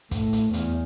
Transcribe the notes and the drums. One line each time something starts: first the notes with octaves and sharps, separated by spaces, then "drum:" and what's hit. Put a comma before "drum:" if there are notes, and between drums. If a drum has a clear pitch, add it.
A2, drum: kick, hi-hat
drum: hi-hat
E2, drum: hi-hat